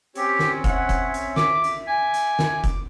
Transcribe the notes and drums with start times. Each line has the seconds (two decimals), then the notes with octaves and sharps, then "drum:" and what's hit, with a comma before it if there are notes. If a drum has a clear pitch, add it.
0.15 C4 C#4 G4 C#5, drum: hi-hat
0.39 drum: snare
0.64 E5 F#5, drum: kick F1, hi-hat
0.89 drum: kick F1, hi-hat
1.14 drum: hi-hat
1.36 D6, drum: snare
1.64 drum: hi-hat
1.87 G#5 D6
2.14 drum: hi-hat
2.39 drum: snare
2.64 drum: kick F1, hi-hat